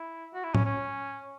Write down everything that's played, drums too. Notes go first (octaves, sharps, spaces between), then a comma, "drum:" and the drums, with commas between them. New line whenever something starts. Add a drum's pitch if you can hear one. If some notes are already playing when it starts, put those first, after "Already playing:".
Already playing: E4
F#4
E4
C#4, drum: tom A2
C#4